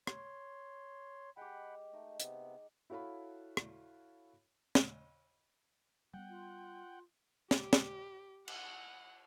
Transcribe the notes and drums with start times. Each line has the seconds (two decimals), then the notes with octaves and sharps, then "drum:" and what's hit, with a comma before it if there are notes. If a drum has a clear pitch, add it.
0.07 C#5 C6, drum: rim click
1.37 G#3 G4 F#5 G5 B5
1.93 A3 D#4
2.20 C3 B3, drum: hi-hat
2.90 E4 F#4 A4 C#5 F5 B5
3.57 drum: rim click
4.75 drum: snare
6.14 G3 G#3 B3 F#5 G5
6.29 F4
7.51 G4, drum: snare
7.73 drum: snare
8.48 F#5, drum: cymbal